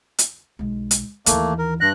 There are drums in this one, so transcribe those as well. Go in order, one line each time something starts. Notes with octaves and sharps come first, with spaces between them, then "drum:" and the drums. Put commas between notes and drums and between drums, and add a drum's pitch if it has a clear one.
drum: hi-hat
B1 G#3
drum: hi-hat
D#2 E3 A3 A#3, drum: hi-hat
A#4
G2 F#6 A#6